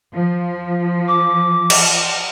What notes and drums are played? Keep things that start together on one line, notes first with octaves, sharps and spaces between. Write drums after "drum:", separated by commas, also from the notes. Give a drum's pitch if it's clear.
F3
D6
drum: cymbal